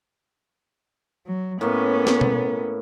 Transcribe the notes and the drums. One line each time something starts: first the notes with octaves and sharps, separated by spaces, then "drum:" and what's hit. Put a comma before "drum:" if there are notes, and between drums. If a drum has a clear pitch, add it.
F#3
A2 A#3 B3 C#4
drum: snare
drum: tom B2